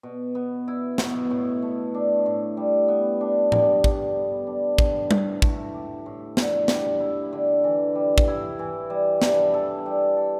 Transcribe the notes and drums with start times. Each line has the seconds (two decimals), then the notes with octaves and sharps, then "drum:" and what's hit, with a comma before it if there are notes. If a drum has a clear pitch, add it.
0.03 B2
0.35 B3
0.68 E4
0.98 B2, drum: snare
1.30 A2
1.62 A3
1.94 D4
2.26 A2
2.57 G3
2.88 B3
3.21 D4
3.52 G3, drum: tom A2
3.84 D3, drum: kick
4.16 B3
4.47 D4
4.78 D3, drum: kick
5.11 A2, drum: tom G3
5.42 A3, drum: kick
5.74 G4
6.06 A2
6.37 D3, drum: snare
6.68 G3, drum: snare
7.00 E4
7.33 D3
7.64 E3
7.95 G3
8.18 drum: kick
8.28 E4
8.59 E3
8.90 G3
9.22 D4, drum: snare
9.54 A4
9.86 G3
10.17 A4